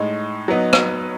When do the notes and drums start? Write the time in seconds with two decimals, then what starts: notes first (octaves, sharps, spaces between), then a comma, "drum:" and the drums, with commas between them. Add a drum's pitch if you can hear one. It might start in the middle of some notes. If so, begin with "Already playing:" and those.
Already playing: A2 G#3 D#4
0.48 F#3 B3 D#4
0.73 drum: rim click